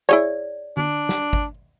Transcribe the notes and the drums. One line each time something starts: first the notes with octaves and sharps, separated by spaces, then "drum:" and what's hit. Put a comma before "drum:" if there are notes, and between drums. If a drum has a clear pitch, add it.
E4 G#4 C#5 D5
D4, drum: tom D3
drum: snare
drum: kick